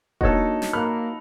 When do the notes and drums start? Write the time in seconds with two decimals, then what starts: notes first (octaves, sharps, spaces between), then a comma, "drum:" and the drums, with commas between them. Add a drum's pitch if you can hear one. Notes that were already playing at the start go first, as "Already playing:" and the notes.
0.21 A#3 D4 D#4 F#4 A4 C#5, drum: kick E1
0.62 drum: snare
0.73 A#3 B5 F6 F#6